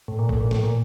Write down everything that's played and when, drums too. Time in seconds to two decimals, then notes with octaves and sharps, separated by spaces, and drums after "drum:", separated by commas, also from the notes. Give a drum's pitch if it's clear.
0.08 A2
0.19 A#2
0.29 A2, drum: kick A1
0.41 A#2
0.51 A2, drum: snare
0.63 A#2